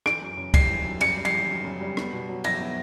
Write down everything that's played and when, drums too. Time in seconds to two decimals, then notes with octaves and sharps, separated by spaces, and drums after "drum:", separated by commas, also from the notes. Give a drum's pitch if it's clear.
0.06 E3 D7, drum: rim click
0.22 F#2
0.37 C#3
0.54 G3 C7, drum: kick C#2, cymbal
0.70 E3
0.85 F#2
1.01 C#3 C#7, drum: cymbal
1.17 G3
1.25 C7, drum: cymbal
1.34 E3
1.49 F#2
1.65 C#3
1.81 G3
1.97 B3, drum: rim click
2.13 B2
2.29 F#3
2.44 E4 A#6, drum: cymbal
2.60 B3